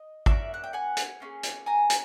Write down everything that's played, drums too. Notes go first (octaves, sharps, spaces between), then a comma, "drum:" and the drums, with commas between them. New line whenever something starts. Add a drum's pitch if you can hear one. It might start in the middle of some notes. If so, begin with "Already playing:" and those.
Already playing: D#5
A#3 C#4 F#4 D5 E5, drum: kick G#1
F#5
G5
F#5 G#5
drum: hi-hat
A#3 C#4 F4 G#4
drum: hi-hat
G#5 A#5
drum: hi-hat